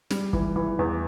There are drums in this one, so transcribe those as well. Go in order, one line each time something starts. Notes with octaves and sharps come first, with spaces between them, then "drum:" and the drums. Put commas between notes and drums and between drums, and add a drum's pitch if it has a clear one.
G3, drum: snare
E3, drum: kick
E3
E2